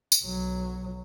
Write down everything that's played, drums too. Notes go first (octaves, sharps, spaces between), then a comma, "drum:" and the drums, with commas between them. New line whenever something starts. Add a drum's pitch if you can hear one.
drum: tambourine
B1 F#3